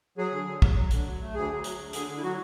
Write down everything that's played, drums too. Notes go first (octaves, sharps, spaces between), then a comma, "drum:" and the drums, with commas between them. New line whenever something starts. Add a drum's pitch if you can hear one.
F#3 G#4
D3
D3
F#3, drum: kick
F#3
D3, drum: hi-hat
F#3
A3
D2 G#4
F#3
F#3, drum: hi-hat
D2
D3 G#4, drum: hi-hat
D3
E4
F#3 F#4